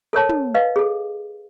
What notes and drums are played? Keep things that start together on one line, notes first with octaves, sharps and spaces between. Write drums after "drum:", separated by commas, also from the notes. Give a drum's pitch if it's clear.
A4 A#4 C#5 A5
drum: tom
B4 D#5 F5
G#4 A4